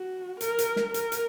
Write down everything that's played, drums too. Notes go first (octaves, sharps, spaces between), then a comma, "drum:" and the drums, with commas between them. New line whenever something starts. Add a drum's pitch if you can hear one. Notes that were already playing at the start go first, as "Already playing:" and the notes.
Already playing: F#4
A#4, drum: hi-hat
drum: hi-hat
drum: snare
A#4, drum: hi-hat
drum: hi-hat